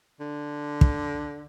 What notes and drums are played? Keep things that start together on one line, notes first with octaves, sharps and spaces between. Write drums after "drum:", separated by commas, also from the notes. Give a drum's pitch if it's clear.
D3
drum: kick